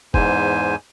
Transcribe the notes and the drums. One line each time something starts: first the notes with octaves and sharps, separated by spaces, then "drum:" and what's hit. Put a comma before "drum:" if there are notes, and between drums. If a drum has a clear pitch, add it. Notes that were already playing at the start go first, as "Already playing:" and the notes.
E2 G#2 C5 G#5, drum: kick